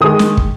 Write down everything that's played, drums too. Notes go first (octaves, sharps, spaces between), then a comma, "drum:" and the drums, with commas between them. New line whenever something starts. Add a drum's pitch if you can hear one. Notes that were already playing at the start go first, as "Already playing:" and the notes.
D#3 G#3 D#6
drum: snare
drum: kick